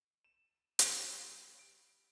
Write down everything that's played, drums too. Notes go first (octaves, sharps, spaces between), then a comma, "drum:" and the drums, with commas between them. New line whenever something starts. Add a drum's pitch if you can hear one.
E7
C#4, drum: hi-hat
G3
D7